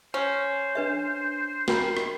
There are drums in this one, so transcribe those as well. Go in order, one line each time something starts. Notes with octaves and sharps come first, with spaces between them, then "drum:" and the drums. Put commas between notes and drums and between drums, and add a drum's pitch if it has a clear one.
C#4 C5
D4 B4 E5
A#4 G5 B5 C7, drum: snare
drum: rim click